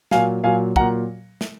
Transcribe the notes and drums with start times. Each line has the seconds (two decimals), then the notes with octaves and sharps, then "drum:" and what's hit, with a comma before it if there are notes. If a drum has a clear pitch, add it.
0.11 A#2 F#3 F5 G#5, drum: snare
0.43 A#2 F#3 F5 G#5
0.76 A#2 F#3 F#5 A#5, drum: kick
1.41 drum: snare